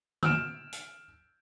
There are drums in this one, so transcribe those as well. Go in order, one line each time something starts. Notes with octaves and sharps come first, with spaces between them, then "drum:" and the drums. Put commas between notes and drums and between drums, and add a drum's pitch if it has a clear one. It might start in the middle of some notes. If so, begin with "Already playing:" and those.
E6 F6 D7 E7, drum: tom D3
drum: hi-hat